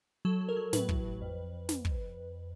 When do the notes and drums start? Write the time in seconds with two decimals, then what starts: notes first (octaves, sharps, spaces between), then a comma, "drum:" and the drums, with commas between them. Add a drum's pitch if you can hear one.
0.25 F#3 A4
0.41 F#3
0.49 A#4
0.57 F#3
0.73 A2 B4, drum: snare
0.89 A1, drum: kick
1.05 A1
1.21 F2
1.69 drum: snare
1.85 drum: kick